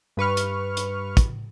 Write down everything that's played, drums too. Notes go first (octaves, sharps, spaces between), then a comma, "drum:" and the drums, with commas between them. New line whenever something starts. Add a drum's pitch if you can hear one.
G2 B4 C#6 F6
drum: hi-hat
drum: hi-hat
drum: kick, hi-hat